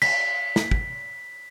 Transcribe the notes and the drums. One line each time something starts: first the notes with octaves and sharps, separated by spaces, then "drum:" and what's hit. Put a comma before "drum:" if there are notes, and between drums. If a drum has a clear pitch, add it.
B6, drum: cymbal
drum: snare
drum: kick